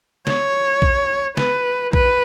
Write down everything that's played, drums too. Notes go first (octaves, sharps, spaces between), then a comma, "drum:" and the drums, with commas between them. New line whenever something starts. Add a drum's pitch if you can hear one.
C#5, drum: snare
drum: kick A#1
B4, drum: snare
B4, drum: kick A#1